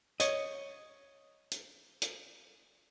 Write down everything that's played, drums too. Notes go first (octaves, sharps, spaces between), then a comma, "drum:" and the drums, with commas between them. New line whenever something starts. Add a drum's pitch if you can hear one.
C#5 D#5, drum: hi-hat
drum: hi-hat
drum: hi-hat